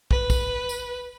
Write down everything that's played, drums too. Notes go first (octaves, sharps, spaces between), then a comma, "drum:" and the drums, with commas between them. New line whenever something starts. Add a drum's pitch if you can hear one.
B4, drum: kick
drum: kick, tambourine
drum: tambourine